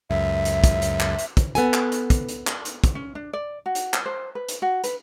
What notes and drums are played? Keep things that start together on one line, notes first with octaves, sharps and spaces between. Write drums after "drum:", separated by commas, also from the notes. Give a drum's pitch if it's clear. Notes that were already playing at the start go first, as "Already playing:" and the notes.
C#2 F#2 E5
drum: hi-hat
drum: kick, hi-hat
drum: hi-hat
drum: clap
drum: hi-hat
drum: kick, hi-hat
B3 A4 G#5, drum: hi-hat
drum: clap
drum: hi-hat
drum: kick, hi-hat
drum: hi-hat
drum: clap
drum: hi-hat
drum: kick, hi-hat
C#4
D4
D5
F#4
drum: hi-hat
drum: clap
C5
B4
drum: hi-hat
F#4
B4, drum: hi-hat